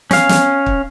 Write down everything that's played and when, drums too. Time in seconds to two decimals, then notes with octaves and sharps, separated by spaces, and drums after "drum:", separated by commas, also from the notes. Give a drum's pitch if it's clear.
0.11 C#4 F5, drum: snare
0.29 drum: snare
0.66 drum: kick